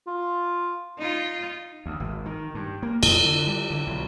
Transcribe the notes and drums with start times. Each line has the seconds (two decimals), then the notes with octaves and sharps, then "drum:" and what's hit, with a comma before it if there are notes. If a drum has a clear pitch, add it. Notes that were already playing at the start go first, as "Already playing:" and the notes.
0.07 F4
0.98 D#4 F4
1.86 D2
2.00 G#1
2.26 D#3
2.55 G2
2.83 A#3
3.03 F2, drum: cymbal
3.25 D3
3.47 G3
3.70 D3
3.87 B1